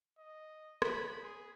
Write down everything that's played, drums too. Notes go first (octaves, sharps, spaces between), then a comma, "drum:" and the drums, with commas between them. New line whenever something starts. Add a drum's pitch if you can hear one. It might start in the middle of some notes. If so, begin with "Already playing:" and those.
D#5
B5, drum: rim click
G#4